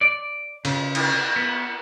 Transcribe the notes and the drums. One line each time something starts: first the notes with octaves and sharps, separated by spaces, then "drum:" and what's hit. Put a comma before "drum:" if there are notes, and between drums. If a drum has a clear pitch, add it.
D5
C#3, drum: cymbal
drum: cymbal
B3